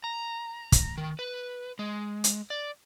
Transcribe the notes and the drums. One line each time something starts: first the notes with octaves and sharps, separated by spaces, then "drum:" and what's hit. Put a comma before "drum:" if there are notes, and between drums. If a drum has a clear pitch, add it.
A#5
drum: kick, hi-hat
D#3
B4
G#3
drum: hi-hat
D5